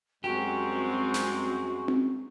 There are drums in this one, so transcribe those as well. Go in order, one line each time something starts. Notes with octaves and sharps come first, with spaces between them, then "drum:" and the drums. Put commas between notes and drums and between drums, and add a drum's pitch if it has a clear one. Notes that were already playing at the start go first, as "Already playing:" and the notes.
F#2 G3 G#3 C4 F#4 G4
drum: snare
drum: tom C4